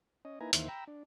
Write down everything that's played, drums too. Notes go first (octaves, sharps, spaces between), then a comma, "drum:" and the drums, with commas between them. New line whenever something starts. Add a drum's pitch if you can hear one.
C#4 D#5
A#3 D#4 E4 B4 G#5 A#5
D#2 D#3 E3 A#3 C5 E5, drum: hi-hat
G5 A#5 B5 E6
D4